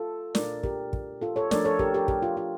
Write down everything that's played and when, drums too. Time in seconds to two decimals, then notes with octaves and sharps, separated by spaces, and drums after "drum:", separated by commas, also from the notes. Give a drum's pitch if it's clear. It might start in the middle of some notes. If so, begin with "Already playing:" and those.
Already playing: F4 A4
0.35 A#2 A3 D4 F4 A#4 D5, drum: snare
0.63 G4 A#4, drum: kick
0.93 drum: kick
1.21 F4 A4
1.36 A4 C#5
1.51 F3 A3 D4 A#4 D5, drum: snare
1.65 A4 C#5
1.79 G4 A#4, drum: kick
1.94 G4 A#4
2.08 G4, drum: kick
2.22 F4
2.37 F4